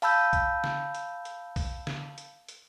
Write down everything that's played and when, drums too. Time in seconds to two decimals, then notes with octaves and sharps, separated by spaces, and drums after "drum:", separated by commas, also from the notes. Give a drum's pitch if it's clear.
0.02 F5 A5 B5 E6 G6, drum: open hi-hat
0.33 drum: kick B1, hi-hat
0.64 drum: snare
0.95 drum: hi-hat
1.25 drum: hi-hat
1.56 drum: kick B1, open hi-hat
1.87 drum: snare
2.18 drum: hi-hat
2.49 drum: hi-hat